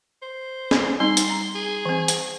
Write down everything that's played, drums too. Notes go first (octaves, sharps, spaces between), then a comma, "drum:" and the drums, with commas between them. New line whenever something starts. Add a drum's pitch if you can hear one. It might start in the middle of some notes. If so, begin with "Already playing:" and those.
C5
drum: snare C#4
G3 C4 D#4 C6
drum: hi-hat
A#5
G#4
E3 C4
drum: hi-hat